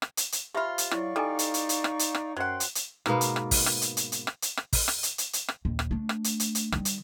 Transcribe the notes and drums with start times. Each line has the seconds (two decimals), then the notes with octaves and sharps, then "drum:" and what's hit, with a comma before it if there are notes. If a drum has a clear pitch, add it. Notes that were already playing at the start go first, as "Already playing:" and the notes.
0.02 drum: rim click
0.17 drum: hi-hat
0.32 drum: hi-hat
0.54 F3 F4 G4 E5 B5
0.78 drum: hi-hat
0.91 F#3 E4 D5 F5 C#6, drum: rim click
1.16 G3 D#4 A4 D#5 G#5
1.39 drum: hi-hat
1.54 drum: hi-hat
1.69 drum: hi-hat
1.84 drum: rim click
1.99 drum: hi-hat
2.15 drum: rim click
2.37 F#2 F#3 C5 F#5 G5 C6
2.60 drum: hi-hat
2.75 drum: hi-hat
3.06 G#2 B2 A#3 B3, drum: rim click
3.21 drum: hi-hat
3.36 drum: rim click
3.51 drum: kick, open hi-hat
3.66 drum: rim click
3.82 drum: hi-hat
3.97 drum: hi-hat
4.12 drum: hi-hat
4.27 drum: rim click
4.42 drum: hi-hat
4.57 drum: rim click
4.73 drum: kick, open hi-hat
4.88 drum: rim click
5.03 drum: hi-hat
5.18 drum: hi-hat
5.33 drum: hi-hat
5.48 drum: rim click
5.65 A#1 D#2
5.79 drum: rim click
5.91 A3 D4
6.09 drum: rim click
6.24 drum: hi-hat
6.40 drum: hi-hat
6.55 drum: hi-hat
6.72 D#3 G3, drum: rim click
6.85 drum: hi-hat